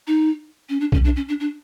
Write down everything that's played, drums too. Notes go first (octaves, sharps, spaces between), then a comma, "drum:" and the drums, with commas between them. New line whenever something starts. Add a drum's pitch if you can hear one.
D#4
C#4
D4
C#4, drum: kick B1
D4
C#4
D4
D4